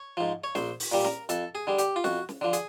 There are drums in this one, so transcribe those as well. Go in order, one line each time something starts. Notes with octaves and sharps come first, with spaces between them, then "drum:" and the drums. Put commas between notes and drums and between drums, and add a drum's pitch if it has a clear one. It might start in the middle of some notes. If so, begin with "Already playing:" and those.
Already playing: C#5
G#2 F3
C#5
A#1 C5, drum: snare
drum: open hi-hat
A#2 G3
A#4, drum: snare
F2 A4, drum: hi-hat
G#4
D3 G3
G4, drum: hi-hat
F4
F2 F#4, drum: snare
drum: snare
D3 F3
G#4, drum: hi-hat